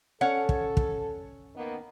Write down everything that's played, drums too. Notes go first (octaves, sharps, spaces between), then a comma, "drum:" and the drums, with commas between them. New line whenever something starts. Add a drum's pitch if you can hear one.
C#4 A4 C#5 F#5
drum: kick
drum: kick
D#3 A#3 B3